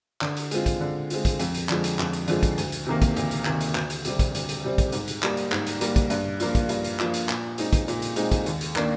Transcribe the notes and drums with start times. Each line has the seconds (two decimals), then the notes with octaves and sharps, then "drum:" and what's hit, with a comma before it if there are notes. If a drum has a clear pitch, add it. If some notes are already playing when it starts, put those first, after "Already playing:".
0.21 D3, drum: clap
0.37 drum: hi-hat
0.51 G#3 C4 F4, drum: hi-hat
0.66 drum: kick, hi-hat
0.81 D3
1.10 G#3 C4 F4, drum: hi-hat
1.25 drum: kick, hi-hat
1.39 F2, drum: hi-hat
1.54 drum: hi-hat
1.69 D3 F3 G#3, drum: clap
1.84 drum: hi-hat
1.99 F2, drum: clap
2.13 drum: hi-hat
2.28 D3 F3 G#3, drum: hi-hat
2.43 drum: kick, hi-hat
2.58 D2, drum: hi-hat
2.72 drum: hi-hat
2.86 C3 D#3 A#3
3.02 drum: kick, hi-hat
3.16 D2, drum: hi-hat
3.31 drum: hi-hat
3.45 C3 D#3 A#3, drum: clap
3.60 drum: hi-hat
3.75 D2, drum: clap
3.90 drum: hi-hat
4.05 C3 G3 C4, drum: hi-hat
4.19 drum: kick, hi-hat
4.35 D2, drum: hi-hat
4.49 drum: hi-hat
4.64 C3 G3 C4
4.78 drum: kick, hi-hat
4.92 G#2, drum: hi-hat
5.08 drum: hi-hat
5.23 G3 A#3, drum: clap
5.37 drum: hi-hat
5.52 G#2, drum: clap
5.67 drum: hi-hat
5.81 G3 A#3, drum: hi-hat
5.96 drum: kick, hi-hat
6.10 G2, drum: hi-hat
6.40 F3 A#3 D4 F4, drum: hi-hat
6.55 drum: kick, hi-hat
6.69 G2, drum: hi-hat
6.84 drum: hi-hat
6.99 F3 A#3 D4 F4, drum: clap
7.14 drum: hi-hat
7.29 A#2, drum: clap
7.58 G#3 C4 D#4, drum: hi-hat
7.73 drum: kick, hi-hat
7.88 A#2, drum: hi-hat
8.02 drum: hi-hat
8.16 G#3 C4 D#4, drum: hi-hat
8.32 drum: kick, hi-hat
8.46 D#2, drum: hi-hat
8.61 drum: hi-hat
8.76 D#3 A#3 D4, drum: clap